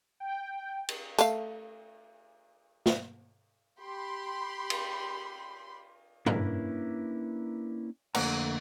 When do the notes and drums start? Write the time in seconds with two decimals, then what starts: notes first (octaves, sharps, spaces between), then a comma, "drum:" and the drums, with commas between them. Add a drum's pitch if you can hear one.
0.20 G5
0.89 drum: cymbal
1.19 A3 F5, drum: tambourine
2.86 drum: snare
3.80 G4 B5 C6
4.70 drum: cymbal
6.26 A#3 C#4 D4 E4 A#4 B4, drum: tom
8.15 F2 D3 A3 A#3 F#5 A#5, drum: cymbal